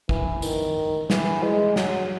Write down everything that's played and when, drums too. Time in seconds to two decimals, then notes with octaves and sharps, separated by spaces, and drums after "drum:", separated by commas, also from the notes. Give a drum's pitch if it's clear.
0.09 E3, drum: kick
0.42 D#3, drum: tambourine
1.10 E3, drum: snare
1.43 G#3
1.76 F#3, drum: snare